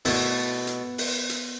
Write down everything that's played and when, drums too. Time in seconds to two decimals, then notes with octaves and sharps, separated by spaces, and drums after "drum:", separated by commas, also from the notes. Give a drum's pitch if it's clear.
0.05 B2 A3 B3 E4 A4, drum: open hi-hat
0.67 drum: hi-hat
0.98 drum: open hi-hat
1.29 drum: hi-hat